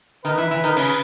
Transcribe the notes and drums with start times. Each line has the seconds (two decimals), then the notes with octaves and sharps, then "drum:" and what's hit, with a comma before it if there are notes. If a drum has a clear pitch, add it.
0.25 D#3 D#4 B4
0.37 E3 E4
0.51 E3 E4
0.64 D#3 D#4
0.77 C#3 C#4, drum: cymbal